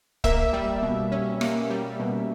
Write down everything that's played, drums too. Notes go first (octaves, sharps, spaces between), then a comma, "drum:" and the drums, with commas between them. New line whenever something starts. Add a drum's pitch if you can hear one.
A#3 E5, drum: kick
G3
B2
C#4
A#3, drum: rim click
G3
B2